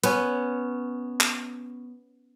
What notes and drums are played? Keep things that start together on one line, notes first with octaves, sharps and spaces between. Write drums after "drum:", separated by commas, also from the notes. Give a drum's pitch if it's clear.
B3 C#4, drum: hi-hat
drum: clap